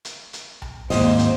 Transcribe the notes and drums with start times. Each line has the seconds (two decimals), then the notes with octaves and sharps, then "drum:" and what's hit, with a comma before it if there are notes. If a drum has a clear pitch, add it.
0.05 drum: hi-hat
0.33 drum: hi-hat
0.62 drum: tom B1
0.90 D#2 G#2 C4 C5 D#5, drum: kick, open hi-hat
1.19 drum: hi-hat